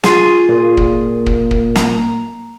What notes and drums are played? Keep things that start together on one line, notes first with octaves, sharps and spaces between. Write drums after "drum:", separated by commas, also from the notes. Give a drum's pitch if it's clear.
F4 G#4, drum: snare
A#2
drum: kick
drum: kick
drum: kick
A#5, drum: snare